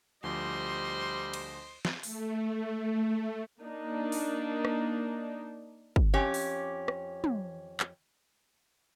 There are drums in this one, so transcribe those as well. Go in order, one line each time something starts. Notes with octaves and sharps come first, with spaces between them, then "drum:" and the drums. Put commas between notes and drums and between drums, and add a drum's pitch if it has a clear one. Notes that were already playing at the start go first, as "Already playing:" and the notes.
D2 F3 G3 C5 D#5 C6
drum: cymbal
drum: snare
A3, drum: open hi-hat
A#3 D4 D#4
drum: open hi-hat
drum: rim click
drum: kick
F2 C#4 G4
drum: open hi-hat
drum: rim click
drum: tom
drum: clap